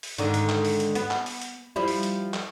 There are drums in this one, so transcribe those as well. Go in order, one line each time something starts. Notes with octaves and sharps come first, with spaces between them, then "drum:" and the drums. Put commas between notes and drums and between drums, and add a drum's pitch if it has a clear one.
drum: open hi-hat
G#2 D3 D#3, drum: hi-hat
drum: hi-hat
drum: clap
drum: open hi-hat
drum: hi-hat
B3, drum: hi-hat
drum: clap
drum: open hi-hat
drum: hi-hat
F3 G3 E4
drum: open hi-hat
drum: hi-hat
drum: clap